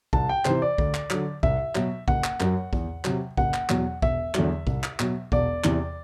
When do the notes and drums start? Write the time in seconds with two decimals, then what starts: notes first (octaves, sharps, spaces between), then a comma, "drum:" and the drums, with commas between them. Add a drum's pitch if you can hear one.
0.13 C2 A5, drum: kick B1
0.29 G5
0.45 C3 E3 C5, drum: clap
0.62 D5
0.78 D2, drum: kick B1
0.94 drum: clap
1.10 D3 F#3, drum: clap
1.43 C2 E5, drum: kick B1
1.75 B2 F#3, drum: clap
2.08 F#1 F#5, drum: kick B1
2.24 drum: clap
2.40 F#2 F#3, drum: clap
2.73 E2, drum: kick B1
3.05 C3 F#3, drum: clap
3.37 F#1 F#5, drum: kick B1
3.54 drum: clap
3.69 E2 B2 F#3, drum: clap
4.02 E1 E5, drum: kick B1
4.35 E2 D3 F#3, drum: clap
4.67 C2, drum: kick B1
4.83 drum: clap
5.00 B2 F#3, drum: clap
5.32 E1 D5, drum: kick B1
5.64 E2 C3 E3, drum: clap